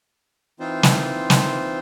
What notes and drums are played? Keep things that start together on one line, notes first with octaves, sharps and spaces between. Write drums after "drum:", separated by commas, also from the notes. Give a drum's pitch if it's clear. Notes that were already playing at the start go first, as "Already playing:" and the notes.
E3 C4 D#4 F4 C5
drum: snare
drum: snare